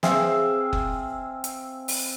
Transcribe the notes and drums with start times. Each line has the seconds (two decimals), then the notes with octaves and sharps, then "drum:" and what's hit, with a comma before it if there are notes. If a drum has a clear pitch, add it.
0.03 C4 G#4 E5 F5, drum: snare
0.73 drum: kick F#1
1.44 drum: hi-hat
1.88 drum: open hi-hat